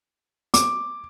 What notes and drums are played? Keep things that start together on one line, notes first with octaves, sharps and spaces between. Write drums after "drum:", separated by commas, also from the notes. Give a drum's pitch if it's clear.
D6, drum: hi-hat